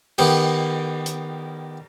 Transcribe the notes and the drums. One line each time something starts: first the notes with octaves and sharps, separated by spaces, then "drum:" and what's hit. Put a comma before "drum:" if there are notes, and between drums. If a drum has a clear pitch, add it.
D#3 B3 G4, drum: cymbal
drum: hi-hat